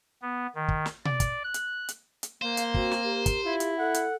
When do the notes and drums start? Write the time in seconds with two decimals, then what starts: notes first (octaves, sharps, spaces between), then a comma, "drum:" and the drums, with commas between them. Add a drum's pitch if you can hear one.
0.22 B3
0.55 D#3
0.68 drum: kick
0.86 drum: snare
1.05 D5, drum: tom B2
1.20 drum: kick, hi-hat
1.44 F#6
1.54 drum: hi-hat
1.89 drum: hi-hat
2.23 drum: hi-hat
2.42 A#3 C5 F5
2.57 drum: hi-hat
2.74 C4 F#4, drum: kick
2.91 drum: snare
3.04 G4 A#4
3.26 drum: kick, hi-hat
3.45 E4 F4
3.60 drum: hi-hat
3.79 A4 F#5
3.94 drum: hi-hat